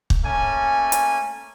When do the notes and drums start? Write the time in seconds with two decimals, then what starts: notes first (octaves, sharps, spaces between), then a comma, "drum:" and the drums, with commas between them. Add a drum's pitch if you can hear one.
0.10 drum: kick
0.25 A3 A#3 C#4 G#5
0.92 drum: hi-hat